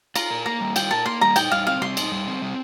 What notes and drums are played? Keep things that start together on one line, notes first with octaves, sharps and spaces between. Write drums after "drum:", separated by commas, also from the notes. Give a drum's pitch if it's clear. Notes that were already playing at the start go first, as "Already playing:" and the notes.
F4 A#5, drum: cymbal
A#4
A#3 A#5
G3
F4 G5, drum: cymbal
A#4 A5
A#3 C6
G3 A#5
D#4 G5, drum: cymbal
G3 F5
C4 F5
G3 C6
D#4, drum: cymbal
G3
C4
G3